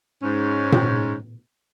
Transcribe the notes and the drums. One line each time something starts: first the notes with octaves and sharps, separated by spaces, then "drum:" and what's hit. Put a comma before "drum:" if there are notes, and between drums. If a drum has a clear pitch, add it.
G#2 C#4
drum: tom A#2